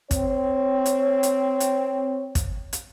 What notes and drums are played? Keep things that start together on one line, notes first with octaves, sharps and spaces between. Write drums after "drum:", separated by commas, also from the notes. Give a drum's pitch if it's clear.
C4 C#5, drum: kick, hi-hat
drum: hi-hat
drum: hi-hat
drum: hi-hat
drum: kick, hi-hat
drum: hi-hat